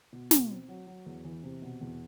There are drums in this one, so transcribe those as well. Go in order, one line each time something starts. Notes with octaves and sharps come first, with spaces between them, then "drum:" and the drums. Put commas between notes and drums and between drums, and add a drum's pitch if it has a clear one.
B2
B2, drum: snare
C4
F#3
F#3
E2
E3
C3
B2
E2